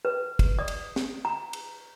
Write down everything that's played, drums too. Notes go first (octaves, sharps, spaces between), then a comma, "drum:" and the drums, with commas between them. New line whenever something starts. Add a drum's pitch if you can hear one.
B4
drum: kick, cymbal
D5 D#6
drum: cymbal
drum: snare
A#5
drum: cymbal